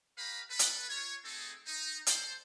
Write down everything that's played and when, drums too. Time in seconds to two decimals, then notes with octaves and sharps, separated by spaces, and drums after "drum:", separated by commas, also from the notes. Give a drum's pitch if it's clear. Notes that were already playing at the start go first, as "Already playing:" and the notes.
0.17 G4 B4 F5 A#5 B5
0.50 A4 B4
0.59 drum: hi-hat
0.88 F4 C#5
1.25 A3 C4 D#4 G#4 A4
1.66 D#4
2.07 A4 C5, drum: hi-hat